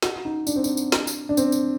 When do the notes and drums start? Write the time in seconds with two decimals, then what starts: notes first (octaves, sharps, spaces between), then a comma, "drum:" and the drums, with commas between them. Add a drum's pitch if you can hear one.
0.02 F#4, drum: snare
0.25 D#4
0.47 D4, drum: tambourine
0.56 C4
0.64 D4, drum: tambourine
0.77 drum: tambourine
0.92 drum: snare
1.07 drum: tambourine
1.29 D4
1.37 C4, drum: tambourine
1.52 drum: tambourine